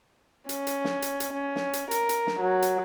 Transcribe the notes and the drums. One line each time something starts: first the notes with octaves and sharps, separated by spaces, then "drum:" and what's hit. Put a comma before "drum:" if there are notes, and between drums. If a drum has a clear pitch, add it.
C#4, drum: hi-hat
drum: hi-hat
drum: snare
drum: hi-hat
drum: hi-hat
C#4
drum: snare
drum: hi-hat
A#4, drum: hi-hat
drum: hi-hat
drum: snare
F#3
drum: hi-hat